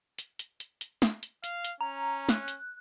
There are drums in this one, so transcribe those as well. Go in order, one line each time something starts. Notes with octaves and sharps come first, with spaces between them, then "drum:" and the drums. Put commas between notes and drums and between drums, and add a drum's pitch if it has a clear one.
drum: hi-hat
drum: hi-hat
drum: hi-hat
drum: hi-hat
drum: snare
drum: hi-hat
F5, drum: hi-hat
drum: hi-hat
C#4 A#5
F#6, drum: snare
drum: hi-hat